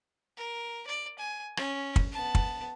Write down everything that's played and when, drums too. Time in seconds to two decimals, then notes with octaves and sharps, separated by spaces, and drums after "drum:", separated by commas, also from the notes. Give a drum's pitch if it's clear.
0.37 A#4
0.87 D5
1.18 G#5
1.57 C#4, drum: rim click
1.96 drum: kick
2.12 B3 A5
2.35 drum: kick